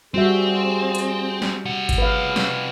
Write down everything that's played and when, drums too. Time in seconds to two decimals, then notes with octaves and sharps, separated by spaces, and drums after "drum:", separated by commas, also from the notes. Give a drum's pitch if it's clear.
0.14 G3 C4 F#4 G#4 E5
0.95 drum: hi-hat
1.42 drum: snare
1.65 C3 F#5
1.89 drum: kick G#1, hi-hat
1.98 C#3 B4 F5
2.36 drum: snare